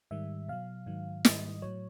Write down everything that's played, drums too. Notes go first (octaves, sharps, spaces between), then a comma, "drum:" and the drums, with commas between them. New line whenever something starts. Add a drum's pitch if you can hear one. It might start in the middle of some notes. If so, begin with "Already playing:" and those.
G#2 D#3 G3 E5
B2 F#3 F5
G#2 D#3 F#3
G#2 D#3 G3 D#5, drum: snare
A2 F#3 C#5